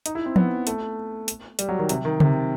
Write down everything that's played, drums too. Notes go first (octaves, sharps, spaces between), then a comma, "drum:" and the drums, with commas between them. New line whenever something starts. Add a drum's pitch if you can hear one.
D#4, drum: hi-hat
E4
C4
B3, drum: tom F3
A3, drum: hi-hat
drum: hi-hat
G3, drum: hi-hat
F#3
D#3
C3, drum: hi-hat
D#3
C3, drum: tom C#3